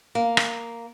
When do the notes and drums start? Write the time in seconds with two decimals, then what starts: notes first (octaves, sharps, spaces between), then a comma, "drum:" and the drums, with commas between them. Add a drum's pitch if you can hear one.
0.15 A#3
0.37 drum: rim click